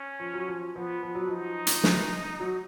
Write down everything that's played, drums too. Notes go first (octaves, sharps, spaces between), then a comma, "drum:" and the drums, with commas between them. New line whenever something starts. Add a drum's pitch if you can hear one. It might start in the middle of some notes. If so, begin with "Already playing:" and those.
Already playing: C#4
F3
F#3
F3
F3 B3
F3
F#3
F3 D#4
drum: hi-hat
drum: snare
F#3